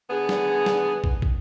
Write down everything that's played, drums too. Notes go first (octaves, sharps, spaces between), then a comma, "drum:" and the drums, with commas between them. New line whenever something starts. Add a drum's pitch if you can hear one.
D3 B3 G#4
drum: snare
drum: snare
drum: kick
drum: kick